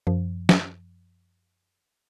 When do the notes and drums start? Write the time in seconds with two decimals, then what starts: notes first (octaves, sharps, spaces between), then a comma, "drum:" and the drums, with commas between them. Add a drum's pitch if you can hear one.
0.07 F#2 F3
0.49 drum: snare